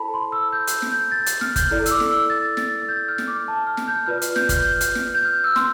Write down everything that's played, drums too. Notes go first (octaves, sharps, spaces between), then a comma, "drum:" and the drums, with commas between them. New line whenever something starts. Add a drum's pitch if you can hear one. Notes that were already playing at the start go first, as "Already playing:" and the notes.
Already playing: E4 A4 C5 A5 B5
C6
E6
G6
drum: hi-hat
drum: snare
G6
A6
drum: hi-hat
F6, drum: snare
G6, drum: kick G1, hi-hat
E4 A4 D5
E6, drum: hi-hat
D6
drum: snare
E6
A6
A6, drum: snare
A6
G6
F6
drum: snare
D6
A5
F6
drum: snare
G6
F4 B4 D5 F6
drum: hi-hat
G6, drum: snare
F6, drum: kick G1, hi-hat
G6
drum: hi-hat
drum: snare
G6
F6
E6
C6, drum: snare